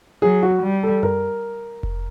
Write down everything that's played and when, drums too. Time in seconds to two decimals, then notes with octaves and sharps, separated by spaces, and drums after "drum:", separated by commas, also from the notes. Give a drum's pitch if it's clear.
0.22 F#3 G#4
0.43 F#4
0.63 G3
0.83 A4
1.03 A#4, drum: tom F#2
1.83 drum: kick F1